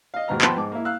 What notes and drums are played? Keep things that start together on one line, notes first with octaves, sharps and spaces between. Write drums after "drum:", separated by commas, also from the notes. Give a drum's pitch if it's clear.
D#5 F5
D#2 G#2 B2 B3 A#5 F6
F3 B3 G5 A5 B5 C6, drum: clap
G#2 D6
A#3 E4
F5 E6 F#6